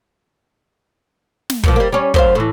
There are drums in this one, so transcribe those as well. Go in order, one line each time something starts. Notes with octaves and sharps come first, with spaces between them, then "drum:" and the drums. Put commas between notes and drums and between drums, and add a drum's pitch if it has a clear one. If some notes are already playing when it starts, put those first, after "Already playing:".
drum: snare
G2 A#2 F3, drum: kick
G3 A#3
G3 C#4
F#2 C5 F5, drum: kick
A2 E3